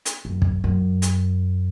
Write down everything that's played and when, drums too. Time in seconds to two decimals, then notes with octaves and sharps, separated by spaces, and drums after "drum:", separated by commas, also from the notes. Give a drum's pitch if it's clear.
0.05 drum: hi-hat
0.25 F#2
0.42 drum: kick
0.64 F#2
1.02 drum: hi-hat